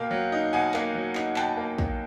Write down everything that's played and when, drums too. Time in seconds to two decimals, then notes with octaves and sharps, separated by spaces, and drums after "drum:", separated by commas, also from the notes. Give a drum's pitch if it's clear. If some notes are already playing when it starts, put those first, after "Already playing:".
Already playing: B2 A#3 F5 G5
0.11 F#3
0.32 D#4
0.53 B2 F#5 G#5
0.74 A#3, drum: clap
0.95 F#3
1.15 D#4, drum: clap
1.36 B2 G5 A5, drum: clap
1.57 A#3
1.78 F#3, drum: kick